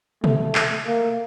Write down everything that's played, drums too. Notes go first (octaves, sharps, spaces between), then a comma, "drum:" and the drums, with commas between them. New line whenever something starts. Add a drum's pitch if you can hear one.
A3, drum: tom B2
drum: clap
A#3